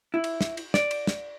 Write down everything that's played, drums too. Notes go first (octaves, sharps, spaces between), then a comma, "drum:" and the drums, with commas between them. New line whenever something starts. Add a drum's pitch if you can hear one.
E4
drum: cymbal
drum: snare
drum: cymbal
D5, drum: snare
drum: cymbal
drum: snare